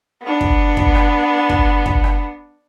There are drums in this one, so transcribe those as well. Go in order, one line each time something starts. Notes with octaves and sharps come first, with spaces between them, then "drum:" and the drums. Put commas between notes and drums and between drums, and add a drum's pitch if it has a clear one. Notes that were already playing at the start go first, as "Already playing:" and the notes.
B3 D4
drum: kick
drum: kick
drum: rim click
drum: kick
drum: kick
drum: rim click